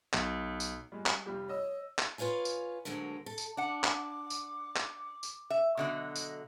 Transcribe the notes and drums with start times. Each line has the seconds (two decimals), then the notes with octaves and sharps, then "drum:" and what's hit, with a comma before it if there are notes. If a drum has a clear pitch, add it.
0.14 B1, drum: clap
0.60 drum: tambourine
0.92 G3 G#3
1.06 drum: clap
1.26 F1 G3 G4
1.49 C#5 D#5 E6
1.99 drum: clap
2.18 F4 B4 C#5 F5 G#5
2.45 drum: tambourine
2.85 D2 D3 F#3 G#3 A#3
3.26 A4
3.38 drum: tambourine
3.57 D4 F#5 D6
3.84 drum: clap
4.30 drum: tambourine
4.77 drum: clap
5.23 drum: tambourine
5.50 E5
5.77 B2 D3 F#3 D#5
6.15 drum: tambourine